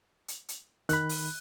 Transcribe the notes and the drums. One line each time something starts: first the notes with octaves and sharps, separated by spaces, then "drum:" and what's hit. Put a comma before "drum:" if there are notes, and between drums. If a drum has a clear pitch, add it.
drum: hi-hat
drum: hi-hat
D#3 B5 F#6, drum: hi-hat
drum: open hi-hat